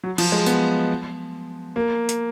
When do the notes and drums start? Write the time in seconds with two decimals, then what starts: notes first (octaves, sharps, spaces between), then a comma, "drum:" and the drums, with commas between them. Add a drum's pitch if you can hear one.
0.04 F#3
0.18 F3, drum: cymbal
0.32 G#3
0.46 B3, drum: tambourine
1.76 A#3
2.09 drum: hi-hat